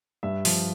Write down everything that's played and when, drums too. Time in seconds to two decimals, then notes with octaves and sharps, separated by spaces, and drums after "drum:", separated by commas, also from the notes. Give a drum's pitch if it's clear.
0.23 G2 E5
0.45 F3, drum: open hi-hat